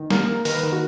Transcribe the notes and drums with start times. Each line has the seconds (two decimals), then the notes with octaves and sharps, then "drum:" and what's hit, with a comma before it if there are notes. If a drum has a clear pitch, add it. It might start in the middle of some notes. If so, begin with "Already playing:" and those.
Already playing: D#3
0.11 A#3 A#4, drum: snare
0.28 A#3
0.45 D#3 A#4, drum: open hi-hat
0.54 B4
0.63 D#3 A#4
0.72 F#4